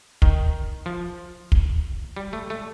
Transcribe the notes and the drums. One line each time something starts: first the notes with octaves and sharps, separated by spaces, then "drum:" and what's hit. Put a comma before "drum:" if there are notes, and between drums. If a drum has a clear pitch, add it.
D#3, drum: kick
F3
drum: kick
G3
A3
A3